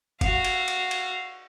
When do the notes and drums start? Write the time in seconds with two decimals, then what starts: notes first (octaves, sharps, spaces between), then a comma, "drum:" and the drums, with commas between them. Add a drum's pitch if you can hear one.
0.21 F#4 F5, drum: kick G1, cymbal
0.45 drum: cymbal
0.68 drum: cymbal
0.91 drum: cymbal